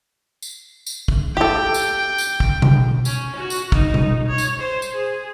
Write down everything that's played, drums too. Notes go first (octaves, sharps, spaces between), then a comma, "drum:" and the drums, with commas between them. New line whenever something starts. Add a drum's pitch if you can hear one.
drum: tambourine
drum: tambourine
drum: kick
G4 A4 G5
drum: tambourine
drum: tambourine
drum: kick
drum: tom B2
C#4, drum: tambourine
F#4
drum: tambourine
D#4, drum: kick
drum: tom B2
C#5
drum: tambourine
C5
drum: tambourine
G#4